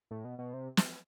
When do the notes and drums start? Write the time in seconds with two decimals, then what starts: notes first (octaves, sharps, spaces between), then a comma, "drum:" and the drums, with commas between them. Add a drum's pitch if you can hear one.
0.11 A2
0.25 B2
0.39 B2
0.54 C3
0.77 drum: snare